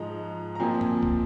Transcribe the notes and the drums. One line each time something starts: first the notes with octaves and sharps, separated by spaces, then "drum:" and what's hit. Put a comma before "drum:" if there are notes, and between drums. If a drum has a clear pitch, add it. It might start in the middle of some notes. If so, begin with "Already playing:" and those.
Already playing: G#2 F3 G#3 A#5
A#5
A#2 F3 C4 G#5
drum: tom F#2
drum: kick C2